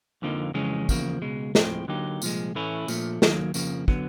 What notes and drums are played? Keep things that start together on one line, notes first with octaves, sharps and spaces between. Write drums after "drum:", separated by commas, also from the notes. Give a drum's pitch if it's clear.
F2 D3 F3 A#3 D#4
F2 C#3 E3 G#3 C#4
E2 C#3 F3 A#3, drum: kick, tambourine
C#2 B2 G#3
A2 F3 G#3 C4, drum: snare
D3 F#3 A#3 D#4 G4
C2 A#2 F3 G#3, drum: tambourine
A2 E3 A3 C#4 E4
A#2 F3 A3, drum: tambourine
D#3 F#3 A#3, drum: snare
F2 C#3 F3 A#3, drum: tambourine
D3 F#3 B3, drum: kick